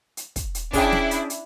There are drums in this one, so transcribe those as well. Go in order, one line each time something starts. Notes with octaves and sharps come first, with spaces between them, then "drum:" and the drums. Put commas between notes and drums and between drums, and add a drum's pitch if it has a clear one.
drum: hi-hat
drum: kick, hi-hat
drum: hi-hat
C#4 D4 E4 G#4 G5, drum: kick, open hi-hat
drum: snare
drum: hi-hat
drum: hi-hat